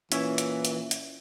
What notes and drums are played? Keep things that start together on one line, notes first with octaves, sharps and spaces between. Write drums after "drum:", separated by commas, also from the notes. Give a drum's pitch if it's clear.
A#2 E3 C#4 E4, drum: hi-hat
drum: hi-hat
drum: hi-hat
drum: hi-hat